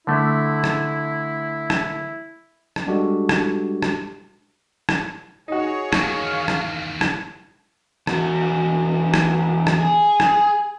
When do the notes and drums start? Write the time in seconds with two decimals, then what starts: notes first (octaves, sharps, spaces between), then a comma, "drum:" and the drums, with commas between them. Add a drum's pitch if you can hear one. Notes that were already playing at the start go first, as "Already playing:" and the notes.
0.07 D3 A3 E4
0.64 drum: rim click
1.70 drum: rim click
2.76 drum: rim click
2.87 G3 G#3 D4 F#4 G4 A4
3.29 drum: rim click
3.82 drum: rim click
4.89 drum: rim click
5.48 D#4 F#4 G#4 C#5
5.93 E2 D#3 F5, drum: rim click
6.48 drum: rim click
7.01 drum: rim click
8.07 E2 F#4, drum: rim click
9.14 drum: rim click
9.67 drum: rim click
9.81 G#4
10.20 drum: rim click